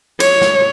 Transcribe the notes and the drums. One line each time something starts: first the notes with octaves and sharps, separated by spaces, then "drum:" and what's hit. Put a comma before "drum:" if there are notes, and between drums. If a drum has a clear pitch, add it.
C#5, drum: cymbal
drum: snare